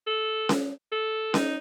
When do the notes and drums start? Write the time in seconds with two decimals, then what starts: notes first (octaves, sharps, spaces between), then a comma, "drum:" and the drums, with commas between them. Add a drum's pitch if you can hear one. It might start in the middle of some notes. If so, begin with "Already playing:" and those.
0.07 A4
0.49 drum: snare C#4
0.92 A4
1.34 D#4, drum: snare C#4